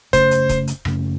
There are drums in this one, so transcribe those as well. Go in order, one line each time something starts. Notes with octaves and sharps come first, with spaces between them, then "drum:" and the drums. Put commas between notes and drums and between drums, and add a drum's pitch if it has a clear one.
F#2 C#3 A3 C#4 C5, drum: kick D#1, hi-hat
drum: hi-hat
drum: kick D#1, hi-hat
drum: hi-hat
F#2 C#3 A3 C#4, drum: rim click